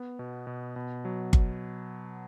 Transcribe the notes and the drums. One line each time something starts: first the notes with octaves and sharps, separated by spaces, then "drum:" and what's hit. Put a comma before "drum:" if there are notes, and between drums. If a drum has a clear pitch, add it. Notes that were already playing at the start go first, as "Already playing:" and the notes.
Already playing: B3
B2
B2
B2
F#3
drum: kick G1